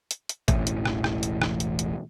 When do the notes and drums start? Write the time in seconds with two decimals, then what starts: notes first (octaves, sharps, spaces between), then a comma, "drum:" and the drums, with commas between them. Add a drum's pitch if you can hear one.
0.11 drum: hi-hat
0.29 drum: hi-hat
0.48 E1 A1 A2 E3, drum: kick G#1, hi-hat
0.67 drum: hi-hat
0.85 drum: rim click
1.04 drum: rim click
1.23 drum: hi-hat
1.42 drum: rim click
1.60 drum: hi-hat
1.79 drum: hi-hat